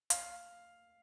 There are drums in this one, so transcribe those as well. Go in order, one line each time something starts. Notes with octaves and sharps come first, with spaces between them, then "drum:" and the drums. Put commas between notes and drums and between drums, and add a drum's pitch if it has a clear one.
F5, drum: hi-hat